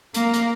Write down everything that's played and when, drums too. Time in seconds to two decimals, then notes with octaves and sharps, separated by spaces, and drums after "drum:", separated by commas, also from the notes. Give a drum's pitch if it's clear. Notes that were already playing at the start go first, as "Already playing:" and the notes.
0.14 A#3, drum: hi-hat
0.34 drum: hi-hat